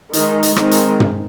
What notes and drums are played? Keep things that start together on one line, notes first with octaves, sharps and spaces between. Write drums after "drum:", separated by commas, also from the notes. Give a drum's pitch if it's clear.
D#3 G#3 D#4, drum: hi-hat
drum: hi-hat
D#3 G#3 C4 D#4, drum: rim click
drum: hi-hat
drum: tom